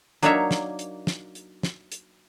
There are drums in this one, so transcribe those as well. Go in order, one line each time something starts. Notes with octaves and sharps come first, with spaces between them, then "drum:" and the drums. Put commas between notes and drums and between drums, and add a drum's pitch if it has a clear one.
F#3 A#3 D4 D#4 C#5 E5, drum: hi-hat
drum: snare
drum: hi-hat
drum: snare
drum: hi-hat
drum: snare
drum: hi-hat